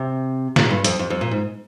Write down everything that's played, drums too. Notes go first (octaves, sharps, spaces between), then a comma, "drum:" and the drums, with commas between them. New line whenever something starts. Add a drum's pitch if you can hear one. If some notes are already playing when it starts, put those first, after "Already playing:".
Already playing: C3
A#2, drum: snare
G2
F2, drum: hi-hat
F2
F2
A#2
G#2